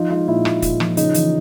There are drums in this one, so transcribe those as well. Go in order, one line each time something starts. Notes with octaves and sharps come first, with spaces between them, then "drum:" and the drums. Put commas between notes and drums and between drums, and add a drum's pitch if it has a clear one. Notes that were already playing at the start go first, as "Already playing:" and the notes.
Already playing: F3 D#4 F4
G#3 D#4 F4
A#2 E4
A#2, drum: rim click
A#2, drum: kick, hi-hat
F3, drum: rim click
C#3 D#4, drum: hi-hat
E3, drum: hi-hat